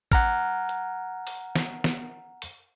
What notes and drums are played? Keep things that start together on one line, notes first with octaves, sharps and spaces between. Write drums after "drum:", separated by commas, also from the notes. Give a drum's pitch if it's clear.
F#5 A#5 F6, drum: kick, hi-hat
drum: hi-hat
drum: open hi-hat
drum: snare
drum: snare
drum: open hi-hat